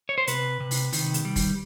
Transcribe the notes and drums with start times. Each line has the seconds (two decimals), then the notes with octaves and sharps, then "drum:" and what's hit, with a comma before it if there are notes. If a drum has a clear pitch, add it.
0.09 C#5
0.18 C5
0.27 C3 B4, drum: hi-hat
0.60 C3
0.71 drum: open hi-hat
0.93 D#3, drum: open hi-hat
1.14 drum: hi-hat
1.25 G3
1.36 drum: kick, open hi-hat